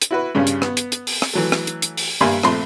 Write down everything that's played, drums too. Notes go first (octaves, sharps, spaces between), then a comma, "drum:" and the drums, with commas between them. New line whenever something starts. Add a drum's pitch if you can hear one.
drum: hi-hat
E4 F#4 B4
G2 C#3 G3 C#4
drum: hi-hat
B3, drum: rim click
drum: hi-hat
drum: hi-hat
drum: open hi-hat
drum: rim click
E3 F#3 A3
drum: rim click
drum: hi-hat
drum: hi-hat
drum: open hi-hat
G2 G3 A#3 E5 G#5 C6
A#1 A3 C4 C6, drum: rim click